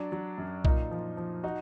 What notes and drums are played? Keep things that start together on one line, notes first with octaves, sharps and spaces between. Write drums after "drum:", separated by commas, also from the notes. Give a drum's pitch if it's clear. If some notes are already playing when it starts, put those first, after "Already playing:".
Already playing: F#3 D4
F#3
F#2
A#2 D#4, drum: kick B1
F3
F3
D#4 F#4